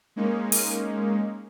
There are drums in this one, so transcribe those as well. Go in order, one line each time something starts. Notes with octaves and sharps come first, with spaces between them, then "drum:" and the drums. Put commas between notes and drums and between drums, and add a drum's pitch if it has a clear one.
G#3 A#3 C#4 D#4
drum: open hi-hat